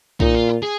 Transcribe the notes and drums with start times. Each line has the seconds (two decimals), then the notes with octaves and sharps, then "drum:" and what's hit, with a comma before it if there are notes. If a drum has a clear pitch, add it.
0.20 A#2 D#4, drum: kick
0.34 F4
0.63 G#4